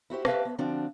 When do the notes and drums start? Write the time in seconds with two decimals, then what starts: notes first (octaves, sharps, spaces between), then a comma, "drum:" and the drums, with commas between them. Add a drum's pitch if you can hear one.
0.10 E4 F#4 G4 C5
0.25 G4 B4 E5 F5 G5 A5, drum: rim click
0.45 B3
0.58 D3 F3 C4 D4 F#4